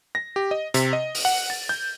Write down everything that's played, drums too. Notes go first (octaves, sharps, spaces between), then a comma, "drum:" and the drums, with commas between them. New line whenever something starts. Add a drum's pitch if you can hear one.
A#6
G4
D#5
C3, drum: hi-hat
D#5
drum: open hi-hat
F#5
A6
G6